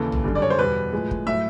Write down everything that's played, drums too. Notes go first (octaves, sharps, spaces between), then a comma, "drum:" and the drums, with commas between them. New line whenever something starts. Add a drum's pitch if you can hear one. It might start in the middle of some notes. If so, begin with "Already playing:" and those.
Already playing: D#2 C#3 E3 A4
drum: tom A1
F#2 D3 G3
D5
C#5
C5
E2 B2 G3 B4
A2 F3 G#3
drum: kick
A2 F#3 E5